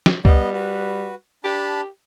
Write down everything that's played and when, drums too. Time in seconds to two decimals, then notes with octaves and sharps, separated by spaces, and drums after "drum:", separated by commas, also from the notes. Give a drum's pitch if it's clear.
0.06 drum: snare
0.25 G3 B3 D#5, drum: kick
0.53 F#4 B4
1.44 D4 G4 A5 B5